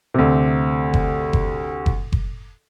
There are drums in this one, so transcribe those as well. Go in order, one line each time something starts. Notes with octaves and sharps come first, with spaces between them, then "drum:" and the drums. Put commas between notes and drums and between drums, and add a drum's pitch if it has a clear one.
D2 C3
drum: kick F#1
drum: kick F#1
drum: kick F#1
drum: kick F#1